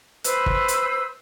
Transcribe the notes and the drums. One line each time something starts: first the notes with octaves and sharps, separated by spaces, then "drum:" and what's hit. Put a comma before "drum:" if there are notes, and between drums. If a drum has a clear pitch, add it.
B4 C5 B5 E6, drum: hi-hat
drum: kick
drum: hi-hat